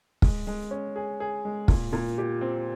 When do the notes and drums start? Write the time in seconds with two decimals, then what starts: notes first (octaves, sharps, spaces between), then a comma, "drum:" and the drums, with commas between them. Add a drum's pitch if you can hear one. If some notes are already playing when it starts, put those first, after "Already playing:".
0.22 G#3, drum: kick
0.47 G#3
0.71 C#4
0.96 G#4
1.20 G#4
1.45 G#3
1.68 A#2, drum: kick
1.93 A#2
2.18 G4
2.41 C4